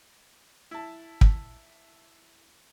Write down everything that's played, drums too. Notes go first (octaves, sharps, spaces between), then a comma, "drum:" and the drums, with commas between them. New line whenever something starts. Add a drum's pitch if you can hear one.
E4 A5
drum: kick